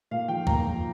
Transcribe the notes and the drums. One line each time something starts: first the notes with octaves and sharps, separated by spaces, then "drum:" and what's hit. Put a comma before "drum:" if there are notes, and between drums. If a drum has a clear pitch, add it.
A#2 F5
F3 G5
A#2 A#5, drum: kick
F3